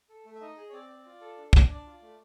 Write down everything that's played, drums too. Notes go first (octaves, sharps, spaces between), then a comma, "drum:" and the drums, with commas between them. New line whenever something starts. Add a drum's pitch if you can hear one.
A4
A3
E5
D#4 D#5
G#4
C#5
C4 D5
C4
F4
A4
D4
D4, drum: kick
D4 D5
F4
A3